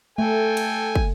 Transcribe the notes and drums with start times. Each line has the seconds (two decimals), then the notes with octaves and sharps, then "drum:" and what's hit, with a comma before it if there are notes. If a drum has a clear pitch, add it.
0.18 A3 A4 G5 G#5
0.57 drum: cymbal
0.95 drum: kick